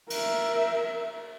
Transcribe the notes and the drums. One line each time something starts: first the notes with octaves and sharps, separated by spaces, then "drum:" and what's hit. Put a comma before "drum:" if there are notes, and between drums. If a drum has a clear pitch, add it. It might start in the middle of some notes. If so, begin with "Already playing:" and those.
A#4 E5, drum: cymbal